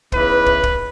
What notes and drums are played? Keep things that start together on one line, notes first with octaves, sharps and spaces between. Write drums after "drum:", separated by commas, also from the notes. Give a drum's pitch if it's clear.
C#3 E3 B3 D#4 B4, drum: kick
drum: kick
drum: kick